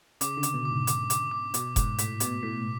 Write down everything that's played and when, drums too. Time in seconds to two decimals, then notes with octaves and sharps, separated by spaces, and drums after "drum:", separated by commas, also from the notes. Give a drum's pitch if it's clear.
0.21 C#3 D6, drum: hi-hat
0.37 D3
0.43 D6, drum: hi-hat
0.54 B2
0.65 D6
0.71 G#2
0.87 D6, drum: hi-hat
1.10 D6, drum: hi-hat
1.31 D6
1.54 B2 D6, drum: hi-hat
1.76 G#2 D6, drum: kick F1, hi-hat
1.98 A2 B6, drum: hi-hat
2.20 B2 D6, drum: hi-hat
2.43 A2 B6